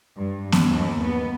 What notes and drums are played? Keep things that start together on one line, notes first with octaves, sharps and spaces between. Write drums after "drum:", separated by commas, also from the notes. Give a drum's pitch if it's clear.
G2
drum: snare B3
D#2
B3